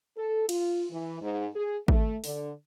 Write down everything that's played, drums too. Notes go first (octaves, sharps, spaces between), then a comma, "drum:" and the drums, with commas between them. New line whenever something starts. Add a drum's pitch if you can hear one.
A4
F4, drum: cymbal
E3
G#2
G#4
A3, drum: kick
D3, drum: open hi-hat